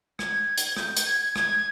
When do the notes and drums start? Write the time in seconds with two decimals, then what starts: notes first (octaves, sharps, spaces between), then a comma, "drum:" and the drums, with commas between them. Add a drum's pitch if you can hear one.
0.19 G#6, drum: rim click
0.58 drum: hi-hat
0.77 G6, drum: rim click
0.97 drum: hi-hat
1.06 G#6
1.21 G#6
1.36 G#6, drum: rim click